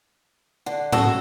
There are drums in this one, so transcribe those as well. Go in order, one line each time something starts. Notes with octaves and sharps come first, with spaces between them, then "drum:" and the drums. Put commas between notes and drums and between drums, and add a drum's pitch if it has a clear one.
D3 F#5
C#4 F#4 A4 F#5 E6, drum: tom G#2